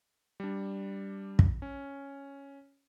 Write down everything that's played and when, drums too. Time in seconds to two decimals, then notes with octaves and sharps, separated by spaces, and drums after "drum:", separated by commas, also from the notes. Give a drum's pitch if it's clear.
0.40 G3 D4
1.39 drum: kick
1.62 C#4